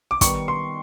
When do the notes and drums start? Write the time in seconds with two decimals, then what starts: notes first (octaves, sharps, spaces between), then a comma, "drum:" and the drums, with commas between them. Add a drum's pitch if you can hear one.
0.11 D6
0.21 D#3 G3 B3 C#6, drum: kick, hi-hat
0.48 C6